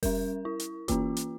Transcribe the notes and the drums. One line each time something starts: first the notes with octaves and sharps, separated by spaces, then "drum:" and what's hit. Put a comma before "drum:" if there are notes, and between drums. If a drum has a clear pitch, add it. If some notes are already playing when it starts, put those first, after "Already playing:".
G3 C#4 A#4, drum: kick F1, open hi-hat
E4
drum: hi-hat
E3 A#3 C#4 F4, drum: kick F1, hi-hat
drum: hi-hat